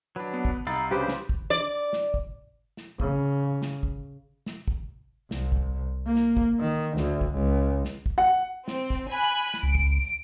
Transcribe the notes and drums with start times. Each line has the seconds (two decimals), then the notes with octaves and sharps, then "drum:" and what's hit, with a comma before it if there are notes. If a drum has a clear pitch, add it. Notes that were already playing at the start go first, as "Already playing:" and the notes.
0.16 F#3 D4 B4
0.33 B3
0.45 drum: kick
0.67 C2 D#4 F5 B5 E6 A6
0.91 C#3 D4 G4 B4 C5
1.08 drum: snare
1.29 drum: kick
1.50 D5
1.93 drum: snare
2.14 drum: kick
2.77 drum: snare
3.00 C#3, drum: kick
3.62 drum: snare
3.83 drum: kick
4.46 drum: snare
4.68 drum: kick
5.31 C2, drum: snare
5.52 drum: kick
6.06 A#3
6.16 drum: snare
6.37 drum: kick
6.60 D#3
6.97 D2, drum: snare
7.21 drum: kick
7.34 C#2
7.85 drum: snare
8.06 drum: kick
8.18 F#5
8.68 C4, drum: snare
8.90 drum: kick
9.10 G#5 B5 F#6
9.54 drum: snare
9.63 C#2 D7
9.75 drum: kick